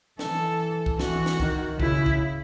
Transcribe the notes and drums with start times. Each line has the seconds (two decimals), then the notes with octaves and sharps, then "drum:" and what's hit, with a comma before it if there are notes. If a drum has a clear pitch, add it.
0.19 E3 A4, drum: snare
0.86 drum: kick C2
1.00 E3 F#4, drum: snare
1.26 drum: snare
1.40 D#3, drum: kick C2
1.80 C#3 E4, drum: kick C2
2.06 drum: kick C2